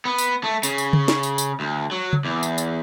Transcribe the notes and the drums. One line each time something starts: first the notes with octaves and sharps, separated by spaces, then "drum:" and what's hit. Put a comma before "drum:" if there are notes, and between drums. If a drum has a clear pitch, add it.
B3
drum: tambourine
A3
C#3, drum: tambourine
drum: tambourine
drum: tom C#3
drum: snare
drum: tambourine
drum: tambourine
D2
F#3
drum: tom C#3
E2
drum: tambourine
drum: tambourine